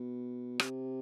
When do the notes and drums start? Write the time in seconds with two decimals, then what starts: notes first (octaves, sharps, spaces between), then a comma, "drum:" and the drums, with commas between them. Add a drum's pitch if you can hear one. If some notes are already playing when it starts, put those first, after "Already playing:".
Already playing: B2
0.59 C3, drum: rim click